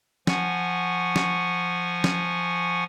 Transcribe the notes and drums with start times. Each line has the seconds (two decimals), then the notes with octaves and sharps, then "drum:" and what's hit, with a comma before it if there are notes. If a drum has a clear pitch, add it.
0.27 F3 F#5 G#5 C#6, drum: snare
1.16 drum: snare
2.04 drum: snare